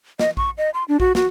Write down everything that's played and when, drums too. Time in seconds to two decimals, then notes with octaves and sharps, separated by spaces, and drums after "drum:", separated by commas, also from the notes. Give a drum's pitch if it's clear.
0.19 D#5, drum: snare
0.37 C#6, drum: kick A#1
0.58 D#5
0.74 C6
0.88 D4
1.00 F#4, drum: kick A#1
1.15 F#4, drum: snare